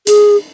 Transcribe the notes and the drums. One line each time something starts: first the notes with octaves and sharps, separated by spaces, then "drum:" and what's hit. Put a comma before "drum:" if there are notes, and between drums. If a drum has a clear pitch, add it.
G#4, drum: hi-hat